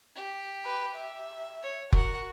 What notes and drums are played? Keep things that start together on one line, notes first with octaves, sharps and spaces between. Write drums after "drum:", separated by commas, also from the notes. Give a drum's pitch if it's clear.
G4
B4
E5
C#5
F#4 A#4 F#5, drum: kick F1